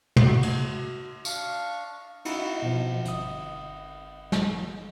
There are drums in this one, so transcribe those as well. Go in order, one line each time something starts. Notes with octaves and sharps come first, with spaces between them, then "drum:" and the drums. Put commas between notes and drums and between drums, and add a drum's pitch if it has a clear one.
F#4, drum: tom
drum: cymbal
D4 F5 C#6, drum: tambourine
D#4 E4 F#4, drum: cymbal
B2 F3
G1 D#6, drum: hi-hat
drum: snare